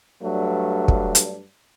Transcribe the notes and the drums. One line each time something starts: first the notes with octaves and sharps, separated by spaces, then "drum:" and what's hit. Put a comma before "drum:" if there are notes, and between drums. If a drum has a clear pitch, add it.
G2 F#3 A3 D4
drum: kick
drum: hi-hat